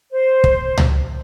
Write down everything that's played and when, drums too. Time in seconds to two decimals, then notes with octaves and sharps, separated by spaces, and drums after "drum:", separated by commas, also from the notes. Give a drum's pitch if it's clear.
0.10 C5
0.44 drum: kick
0.78 drum: tom C#2